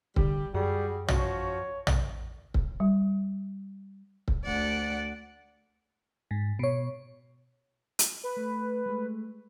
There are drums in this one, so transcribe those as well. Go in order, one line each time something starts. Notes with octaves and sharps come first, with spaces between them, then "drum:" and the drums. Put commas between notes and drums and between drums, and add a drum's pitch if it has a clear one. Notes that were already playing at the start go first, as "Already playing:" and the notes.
D3 G3 G4, drum: kick C#1
F#2 G3 F#4 G#4
F3 C#4 F#4 C#5, drum: tom A#1
drum: tom A#1
drum: kick C#1
G3
drum: kick C#1
D2 D5 F#5
G#2
B2 C#5
drum: hi-hat
B4
A3
G#3 A3